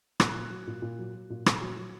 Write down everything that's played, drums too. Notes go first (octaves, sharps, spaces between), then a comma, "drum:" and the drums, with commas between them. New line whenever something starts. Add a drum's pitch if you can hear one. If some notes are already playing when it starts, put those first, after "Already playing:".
A#2 F#6, drum: rim click
F#3
F#3
A#2
A#2
F#3
F#3
A#2
A#2, drum: rim click
F#3
F#3